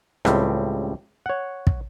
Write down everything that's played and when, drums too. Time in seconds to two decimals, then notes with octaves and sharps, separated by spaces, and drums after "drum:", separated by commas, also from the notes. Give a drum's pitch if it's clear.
0.25 C#2 A2 G3 C4, drum: rim click
1.26 C#5 F#5
1.67 drum: kick